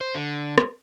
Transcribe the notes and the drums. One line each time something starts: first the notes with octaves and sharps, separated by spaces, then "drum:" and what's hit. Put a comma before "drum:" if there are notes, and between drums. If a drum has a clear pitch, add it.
C5
D3
drum: rim click